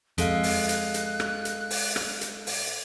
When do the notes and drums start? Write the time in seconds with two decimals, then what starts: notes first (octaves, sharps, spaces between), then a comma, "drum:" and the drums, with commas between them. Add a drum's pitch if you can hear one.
0.18 F2 G#3 A4 F5 F#6, drum: hi-hat
0.43 drum: open hi-hat
0.69 drum: hi-hat
0.94 drum: hi-hat
1.20 drum: rim click
1.45 drum: hi-hat
1.70 drum: open hi-hat
1.96 drum: rim click
2.21 drum: hi-hat
2.47 drum: open hi-hat